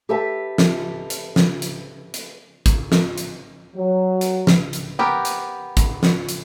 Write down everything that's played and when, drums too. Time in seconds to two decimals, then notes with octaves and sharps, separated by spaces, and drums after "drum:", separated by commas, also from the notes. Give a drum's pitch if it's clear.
0.09 G4 A4 B4 E5 A5
0.58 drum: snare
1.10 drum: hi-hat
1.36 drum: snare
1.62 drum: hi-hat
2.14 drum: hi-hat
2.66 drum: kick, hi-hat
2.92 drum: snare
3.18 drum: hi-hat
3.76 F#3
4.21 drum: hi-hat
4.47 drum: snare
4.73 drum: hi-hat
4.99 B3 G4 A#4
5.25 drum: hi-hat
5.77 drum: kick, hi-hat
6.03 drum: snare
6.29 drum: hi-hat